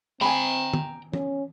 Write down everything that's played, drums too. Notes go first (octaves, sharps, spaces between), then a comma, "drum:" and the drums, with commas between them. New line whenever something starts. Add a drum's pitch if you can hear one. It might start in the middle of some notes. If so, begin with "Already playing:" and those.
C4 G5 G#5 A#5 B5
drum: tom
C#4, drum: tom